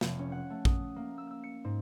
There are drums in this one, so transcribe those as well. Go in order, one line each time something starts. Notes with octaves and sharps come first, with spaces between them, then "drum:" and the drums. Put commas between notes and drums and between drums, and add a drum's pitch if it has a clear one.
F1, drum: snare
C#4
F#5
A3
D#6, drum: kick A1
A#3
E6
E6
C#7
G#2